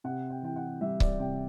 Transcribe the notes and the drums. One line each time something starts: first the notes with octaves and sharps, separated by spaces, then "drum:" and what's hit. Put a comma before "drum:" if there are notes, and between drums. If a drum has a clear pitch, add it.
C3 F#5
G5
E3 G5
F#5
G3 E5
D5, drum: kick C#1
C3 G5